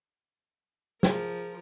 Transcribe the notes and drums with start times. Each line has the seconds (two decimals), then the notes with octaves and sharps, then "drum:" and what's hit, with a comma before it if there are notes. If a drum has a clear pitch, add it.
1.03 F3 F4 G#4 A#4, drum: snare